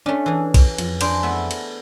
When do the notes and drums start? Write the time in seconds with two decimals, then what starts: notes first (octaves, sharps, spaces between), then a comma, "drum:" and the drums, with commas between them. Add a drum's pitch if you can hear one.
0.06 A3 C#4 D4
0.26 E3 G#4
0.54 drum: kick, cymbal
0.78 F2, drum: cymbal
1.01 D4 G#4 C5, drum: cymbal
1.23 A3 B3 E4
1.51 drum: cymbal